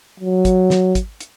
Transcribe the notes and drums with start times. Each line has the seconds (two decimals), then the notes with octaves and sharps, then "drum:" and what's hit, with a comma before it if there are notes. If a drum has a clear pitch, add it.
0.20 F#3
0.45 drum: kick, hi-hat
0.70 drum: snare
0.95 drum: kick, hi-hat
1.21 drum: hi-hat